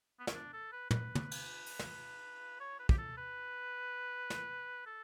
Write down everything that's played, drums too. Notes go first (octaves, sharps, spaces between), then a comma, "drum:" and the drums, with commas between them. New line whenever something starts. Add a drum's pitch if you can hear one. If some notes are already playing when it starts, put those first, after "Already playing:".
B3
C#4, drum: snare
D4
A4
B4
B4, drum: tom
drum: tom
drum: cymbal
drum: open hi-hat
drum: snare
C#5
B4
G4, drum: kick
A4
B4
drum: snare
A4